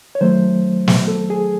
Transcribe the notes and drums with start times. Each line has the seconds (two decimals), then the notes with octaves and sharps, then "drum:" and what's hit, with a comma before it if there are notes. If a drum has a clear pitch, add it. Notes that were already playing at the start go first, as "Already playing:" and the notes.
0.15 C#5
0.21 D#3 F#3 A3 C5
0.88 drum: snare
1.08 A4
1.30 G#4